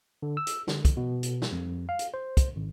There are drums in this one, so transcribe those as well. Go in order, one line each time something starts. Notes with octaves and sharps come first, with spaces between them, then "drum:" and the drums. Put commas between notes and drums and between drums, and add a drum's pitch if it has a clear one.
D3
E6
drum: hi-hat
D3, drum: snare
drum: kick, hi-hat
B2
drum: hi-hat
drum: snare
F2
F5
drum: hi-hat
C5
drum: kick, hi-hat
G#1